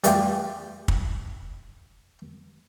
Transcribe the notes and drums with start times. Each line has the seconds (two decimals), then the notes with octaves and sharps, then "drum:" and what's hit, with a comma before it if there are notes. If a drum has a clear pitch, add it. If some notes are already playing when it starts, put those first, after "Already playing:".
0.04 G3 A3 F4 G4, drum: hi-hat
0.88 drum: kick